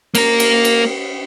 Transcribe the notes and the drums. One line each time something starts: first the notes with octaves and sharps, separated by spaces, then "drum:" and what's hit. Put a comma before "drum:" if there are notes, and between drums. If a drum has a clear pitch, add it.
A#3 A#4, drum: cymbal
drum: cymbal
drum: cymbal